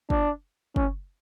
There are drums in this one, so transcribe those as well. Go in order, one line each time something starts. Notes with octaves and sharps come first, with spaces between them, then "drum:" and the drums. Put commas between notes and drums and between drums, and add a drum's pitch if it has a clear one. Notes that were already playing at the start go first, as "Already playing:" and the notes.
D4, drum: kick
C#4, drum: kick